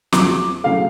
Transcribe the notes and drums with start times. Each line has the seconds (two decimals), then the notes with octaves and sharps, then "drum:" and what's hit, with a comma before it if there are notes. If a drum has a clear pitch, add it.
0.12 F2 C#3 F#3 D6, drum: snare
0.64 C#3 F#3 A3 F5